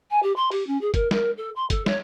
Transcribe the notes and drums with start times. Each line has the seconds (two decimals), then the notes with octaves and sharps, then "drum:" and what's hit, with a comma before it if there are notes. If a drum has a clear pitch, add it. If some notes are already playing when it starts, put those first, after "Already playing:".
0.11 G#5
0.23 G4
0.36 C6
0.52 G4, drum: open hi-hat
0.67 C#4
0.81 G#4
0.94 A#4, drum: kick, hi-hat
1.11 A#4, drum: snare
1.37 A4
1.56 C6
1.70 A4, drum: kick, hi-hat
1.86 C#5, drum: snare